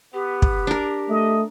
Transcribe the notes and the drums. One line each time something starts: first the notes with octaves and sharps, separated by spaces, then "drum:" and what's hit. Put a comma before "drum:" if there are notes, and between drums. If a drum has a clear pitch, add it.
B3 G4
drum: kick
D4 A#4
A3 D#5